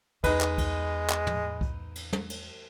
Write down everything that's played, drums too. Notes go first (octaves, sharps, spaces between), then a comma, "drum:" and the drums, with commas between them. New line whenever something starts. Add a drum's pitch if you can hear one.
E2 G#3 D#4 B4, drum: kick C2, cymbal
drum: clap
drum: kick C2, cymbal
drum: clap
drum: tom
drum: kick C2
drum: cymbal
drum: tom
drum: cymbal